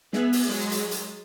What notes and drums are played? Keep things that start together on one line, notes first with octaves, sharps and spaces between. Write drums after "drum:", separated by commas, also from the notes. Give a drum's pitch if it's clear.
B3 G#4 E5, drum: snare
drum: open hi-hat
F#3 G#3
drum: hi-hat
drum: hi-hat